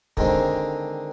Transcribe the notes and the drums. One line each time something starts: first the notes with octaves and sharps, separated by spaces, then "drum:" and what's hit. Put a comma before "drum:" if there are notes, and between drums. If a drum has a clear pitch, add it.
D3 D#3 G#3 C4, drum: kick